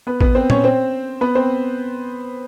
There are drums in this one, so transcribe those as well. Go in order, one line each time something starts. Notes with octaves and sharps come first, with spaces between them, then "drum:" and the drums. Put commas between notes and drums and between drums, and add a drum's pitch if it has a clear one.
B3 B4
B3 B4, drum: kick
C4 C5
C#4 C#5, drum: tom A#2
C4 C5
B3 B4
C4 C5